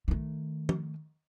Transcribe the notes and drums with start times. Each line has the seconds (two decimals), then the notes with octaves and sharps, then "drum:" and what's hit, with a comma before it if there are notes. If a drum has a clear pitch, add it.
0.08 D#3 A3
0.69 drum: tom